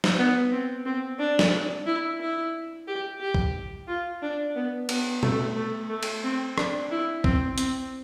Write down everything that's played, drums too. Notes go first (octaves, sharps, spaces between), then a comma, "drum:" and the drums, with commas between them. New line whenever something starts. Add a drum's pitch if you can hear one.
drum: snare
B3
C4
C4
D4
drum: snare
E4
E4
G4
G4
drum: kick
F4
D4
B3
B3, drum: cymbal
A3, drum: tom B2
A3
A3
drum: cymbal
C4
D4, drum: rim click
E4
C4, drum: kick
C4, drum: hi-hat